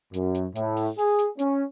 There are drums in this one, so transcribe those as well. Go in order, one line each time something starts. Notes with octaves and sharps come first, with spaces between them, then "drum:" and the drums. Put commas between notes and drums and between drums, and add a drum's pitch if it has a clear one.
F#2, drum: hi-hat
drum: hi-hat
A2, drum: hi-hat
drum: open hi-hat
G#4, drum: open hi-hat
drum: hi-hat
C#4, drum: hi-hat